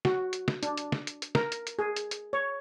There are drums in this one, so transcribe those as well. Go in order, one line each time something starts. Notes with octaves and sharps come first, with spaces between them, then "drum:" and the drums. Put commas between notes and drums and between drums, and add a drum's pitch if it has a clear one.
F#4, drum: snare
drum: hi-hat
drum: snare
D4, drum: hi-hat
drum: hi-hat
drum: snare
drum: hi-hat
drum: hi-hat
A#4, drum: snare
drum: hi-hat
drum: hi-hat
G#4
drum: hi-hat
drum: hi-hat
C#5